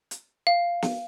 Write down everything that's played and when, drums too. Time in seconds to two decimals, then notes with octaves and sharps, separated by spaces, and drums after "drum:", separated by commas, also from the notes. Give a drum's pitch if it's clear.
0.11 drum: hi-hat
0.47 F5
0.82 drum: snare